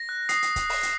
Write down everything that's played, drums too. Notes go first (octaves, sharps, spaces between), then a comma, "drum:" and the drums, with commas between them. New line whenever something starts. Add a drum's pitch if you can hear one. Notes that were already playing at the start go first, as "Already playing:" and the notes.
Already playing: A#6
F#6
D#6 C7, drum: hi-hat
drum: hi-hat
drum: kick C#1, hi-hat
drum: open hi-hat
drum: hi-hat